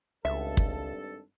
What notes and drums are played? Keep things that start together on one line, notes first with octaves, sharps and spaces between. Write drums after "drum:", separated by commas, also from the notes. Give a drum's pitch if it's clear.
G#1 C#2 G2 A4 E5
drum: kick